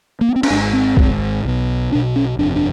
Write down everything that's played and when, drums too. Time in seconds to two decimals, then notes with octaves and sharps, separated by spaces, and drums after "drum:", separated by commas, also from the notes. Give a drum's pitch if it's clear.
0.21 A#3
0.29 B3
0.36 C4
0.43 C#4, drum: cymbal
0.50 G#1 G#2 D4
0.73 C4
0.97 G#1 G#2, drum: kick
1.45 B1 B2
1.92 B1 B2 D4
2.16 C#4
2.39 G1 F2 C3 D4
2.56 D4